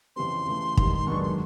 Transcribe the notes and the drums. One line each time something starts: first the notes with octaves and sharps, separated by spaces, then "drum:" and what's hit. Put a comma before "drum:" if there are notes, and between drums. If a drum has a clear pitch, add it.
F2 C#3 E3 G3 C4 C6
C#3 E3 A3
G#2 D#3 G3, drum: kick
F#2 D#3 G#3 B3 D4 C#6
C6